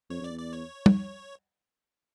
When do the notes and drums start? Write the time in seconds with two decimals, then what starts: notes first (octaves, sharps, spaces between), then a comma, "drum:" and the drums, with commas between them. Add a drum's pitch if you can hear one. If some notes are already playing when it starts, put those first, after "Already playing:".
0.10 F2 C#5
0.21 F2 D5
0.31 E2
0.39 D5
0.53 C#5
0.86 drum: tom